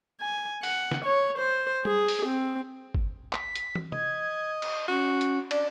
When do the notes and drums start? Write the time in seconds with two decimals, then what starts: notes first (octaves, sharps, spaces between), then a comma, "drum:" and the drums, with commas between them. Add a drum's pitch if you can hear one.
0.21 G#5
0.63 F#5, drum: open hi-hat
0.91 drum: snare
1.05 C#5
1.38 C5
1.85 G#4, drum: tom G3
2.08 drum: open hi-hat
2.26 C4
2.95 drum: kick G1
3.33 B6, drum: clap
3.55 drum: hi-hat
3.75 drum: tom
3.92 D#5 G#6, drum: tom
4.62 drum: cymbal
4.88 C#4 F#4
5.21 drum: hi-hat
5.51 D4 D5, drum: cymbal